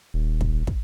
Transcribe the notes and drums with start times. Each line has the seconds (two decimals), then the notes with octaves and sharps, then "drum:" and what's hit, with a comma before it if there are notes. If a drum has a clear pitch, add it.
0.14 D#1
0.41 drum: kick
0.67 drum: kick